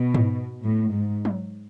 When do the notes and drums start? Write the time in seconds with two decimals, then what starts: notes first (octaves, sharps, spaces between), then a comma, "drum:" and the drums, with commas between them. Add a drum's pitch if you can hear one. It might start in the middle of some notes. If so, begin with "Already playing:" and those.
Already playing: B2
0.14 drum: tom G#2
0.62 A2
0.91 G#2
1.25 drum: tom F#3